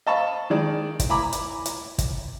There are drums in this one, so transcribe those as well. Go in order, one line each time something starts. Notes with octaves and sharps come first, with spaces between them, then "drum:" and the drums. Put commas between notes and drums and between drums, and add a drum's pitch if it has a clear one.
D#5 F5 A5 B5 C#6
D#3 G#3 D5
drum: kick, hi-hat
E4 G#5 A#5 B5 D6
drum: hi-hat
drum: hi-hat
drum: kick, hi-hat